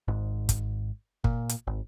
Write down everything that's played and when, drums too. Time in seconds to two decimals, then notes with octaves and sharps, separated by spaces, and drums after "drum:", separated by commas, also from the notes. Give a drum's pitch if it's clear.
0.08 G#1 G#2
0.49 drum: kick G1, hi-hat
1.24 A#2, drum: kick G1
1.49 drum: hi-hat
1.67 G#1